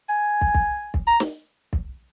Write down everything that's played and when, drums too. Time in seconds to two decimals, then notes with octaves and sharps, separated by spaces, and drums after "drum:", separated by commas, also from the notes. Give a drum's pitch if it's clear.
0.09 G#5
0.41 drum: kick
0.54 drum: kick
0.94 drum: kick
1.07 A#5
1.20 drum: snare
1.73 drum: kick